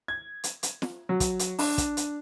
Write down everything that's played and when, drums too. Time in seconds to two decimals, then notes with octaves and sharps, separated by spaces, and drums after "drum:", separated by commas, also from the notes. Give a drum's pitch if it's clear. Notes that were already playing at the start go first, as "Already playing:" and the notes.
0.08 G#6
0.44 drum: hi-hat
0.63 drum: hi-hat
0.82 drum: snare
1.09 F#3
1.20 drum: kick, hi-hat
1.39 drum: hi-hat
1.59 D4, drum: open hi-hat
1.78 drum: kick, hi-hat
1.97 drum: hi-hat